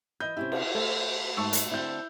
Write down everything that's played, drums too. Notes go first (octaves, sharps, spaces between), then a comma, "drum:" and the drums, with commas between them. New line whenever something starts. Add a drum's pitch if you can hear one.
E3 B4 D#5 G6
C3 C#4 E4 G4
drum: cymbal
A3 A4 C5
G#2 A3 A5 C#6 E6
drum: hi-hat
D3 C4 E4 A5 G6